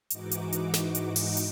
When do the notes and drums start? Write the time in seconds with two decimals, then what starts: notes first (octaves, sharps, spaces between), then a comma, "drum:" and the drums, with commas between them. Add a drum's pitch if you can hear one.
0.10 G#2 E3 D#4 F#4 D6, drum: hi-hat
0.31 drum: hi-hat
0.53 drum: hi-hat
0.74 drum: snare
0.95 drum: hi-hat
1.16 drum: open hi-hat
1.37 drum: hi-hat